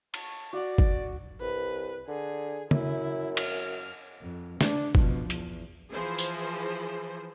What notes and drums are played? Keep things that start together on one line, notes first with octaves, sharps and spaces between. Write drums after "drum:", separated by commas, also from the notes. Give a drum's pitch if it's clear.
C#5 A5 C#6, drum: cymbal
F#4 D5
drum: kick G1
C2 B4
D3 G#4
F#2 E4, drum: tom
F6, drum: cymbal
F2
D4, drum: snare
B2 F3, drum: kick G1
E2, drum: hi-hat
E3 F3 G#4 C5
drum: tambourine